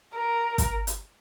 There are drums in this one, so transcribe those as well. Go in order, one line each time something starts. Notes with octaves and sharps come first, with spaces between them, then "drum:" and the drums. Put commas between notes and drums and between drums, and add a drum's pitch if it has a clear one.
A#4
drum: kick, hi-hat
drum: hi-hat